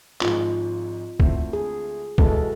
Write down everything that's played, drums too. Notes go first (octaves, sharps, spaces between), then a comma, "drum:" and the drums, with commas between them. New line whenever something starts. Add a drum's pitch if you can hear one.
G#1 G#2 F3 G#3 F4, drum: clap
D2 D3 A3 C4 E4, drum: kick
G#4
B1 B2 G#3 B3 E4 A4, drum: kick